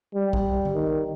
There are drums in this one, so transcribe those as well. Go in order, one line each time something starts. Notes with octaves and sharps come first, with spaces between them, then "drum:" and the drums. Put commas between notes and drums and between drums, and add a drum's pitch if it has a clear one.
G3
drum: kick
drum: tom D3
D#3